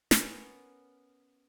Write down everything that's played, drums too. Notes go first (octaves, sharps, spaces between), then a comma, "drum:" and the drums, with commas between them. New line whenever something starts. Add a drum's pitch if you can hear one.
B3 C#4 A#4, drum: snare